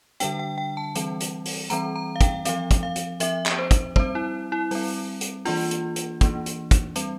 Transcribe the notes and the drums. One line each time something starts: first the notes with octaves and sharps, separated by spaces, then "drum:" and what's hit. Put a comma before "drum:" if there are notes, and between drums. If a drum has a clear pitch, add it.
D3 G3 D4 G5, drum: hi-hat
G5
G5
A5
E3 G3 C4, drum: hi-hat
drum: hi-hat
drum: open hi-hat
E3 G3 C4 A#5, drum: hi-hat
A#5
F5
G5, drum: kick, hi-hat
F3 C4 F5, drum: hi-hat
drum: kick, hi-hat
F5
drum: hi-hat
F3 C4 E5, drum: hi-hat
drum: clap
C5
drum: kick, hi-hat
G3 C4 C5, drum: kick
E4
E4
G3 C4, drum: open hi-hat
drum: hi-hat
E3 A#3 D4 F4, drum: open hi-hat
drum: hi-hat
drum: hi-hat
E3 A#3 D4, drum: kick, hi-hat
drum: hi-hat
drum: kick, hi-hat
G3 C4, drum: hi-hat